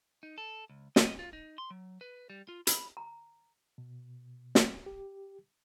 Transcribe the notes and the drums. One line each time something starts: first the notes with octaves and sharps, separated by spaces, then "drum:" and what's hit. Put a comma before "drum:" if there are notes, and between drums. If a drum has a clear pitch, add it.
D#4
A4
C#2
D#5, drum: snare
F4
D#4
C6
F#3
B4
G3
F4
B5, drum: hi-hat
A#5
B2
drum: snare
G4